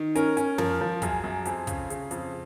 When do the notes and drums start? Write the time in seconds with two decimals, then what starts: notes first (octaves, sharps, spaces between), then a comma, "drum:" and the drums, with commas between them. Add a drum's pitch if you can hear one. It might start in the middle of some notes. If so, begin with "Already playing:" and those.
Already playing: D#3
0.15 C#4 A#4, drum: hi-hat
0.37 C#4, drum: hi-hat
0.58 F3 A#4, drum: tom
0.81 F3
1.02 F#2 G#4, drum: kick, hi-hat
1.24 F#2
1.45 F2 G#4, drum: hi-hat
1.67 C#3, drum: kick, hi-hat
1.90 C#3, drum: hi-hat
2.11 F2, drum: hi-hat